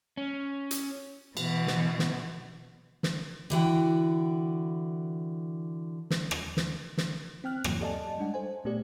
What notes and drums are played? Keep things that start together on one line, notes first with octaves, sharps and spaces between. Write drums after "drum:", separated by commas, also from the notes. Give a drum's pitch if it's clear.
C#4
drum: hi-hat
B2 E3, drum: cymbal
drum: snare
drum: snare
drum: snare
D3 E3 F#4 G5
drum: snare
drum: rim click
drum: snare
drum: snare
C4 G5 F6 F#6
E2 G2 C3 E3 F#3 A#3, drum: rim click
G4 A4 D5 D#5 G#5 A5
G3 G#3 D4 F#5
A4 C5 G#5
A#2 A3 B3 G4 D5